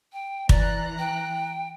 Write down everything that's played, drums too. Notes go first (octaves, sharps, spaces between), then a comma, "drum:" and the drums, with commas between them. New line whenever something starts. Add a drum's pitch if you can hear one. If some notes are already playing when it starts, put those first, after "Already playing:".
G5
E3 D5 A#5 F#6, drum: kick
G5